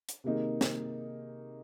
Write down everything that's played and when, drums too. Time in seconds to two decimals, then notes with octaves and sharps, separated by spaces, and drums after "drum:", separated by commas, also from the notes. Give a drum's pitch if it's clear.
0.09 drum: hi-hat
0.24 C3 D#3 A#3 D#4 G#4
0.61 drum: snare